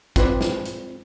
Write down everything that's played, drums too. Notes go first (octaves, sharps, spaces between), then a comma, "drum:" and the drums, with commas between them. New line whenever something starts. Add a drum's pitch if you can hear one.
C4 F4 B4 C5 D5, drum: kick, hi-hat
drum: snare
drum: hi-hat